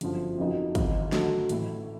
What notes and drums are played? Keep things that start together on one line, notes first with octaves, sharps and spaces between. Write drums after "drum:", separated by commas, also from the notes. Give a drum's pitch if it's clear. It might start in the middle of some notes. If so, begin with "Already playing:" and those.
G1 F#2 D3 F3, drum: hi-hat
F2 C#3 F#3 A#3 D#4
G#1 G#2 E3, drum: kick, hi-hat
D3 F#3 A3, drum: snare
A1 A2 E3 A3, drum: hi-hat